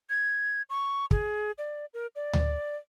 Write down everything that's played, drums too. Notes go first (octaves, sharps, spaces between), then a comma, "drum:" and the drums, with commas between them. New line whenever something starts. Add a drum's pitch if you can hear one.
G#6
C#6
G#4, drum: kick
D5
A#4
D5
drum: tom D2